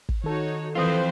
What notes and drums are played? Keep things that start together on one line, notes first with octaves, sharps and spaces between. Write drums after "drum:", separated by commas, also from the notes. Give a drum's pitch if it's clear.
drum: kick
D#3 D#4 F#4 A4 C#5
E3 F3 C4 E4 F4 B4 C5 D#6